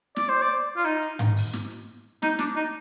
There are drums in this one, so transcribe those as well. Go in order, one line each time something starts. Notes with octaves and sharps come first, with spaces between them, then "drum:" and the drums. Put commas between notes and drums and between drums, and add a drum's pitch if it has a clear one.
D5, drum: snare
C5
D5
F4
D#4
drum: hi-hat
drum: tom G#2
drum: open hi-hat
drum: snare
drum: hi-hat
D#4, drum: snare
D4, drum: snare
D#4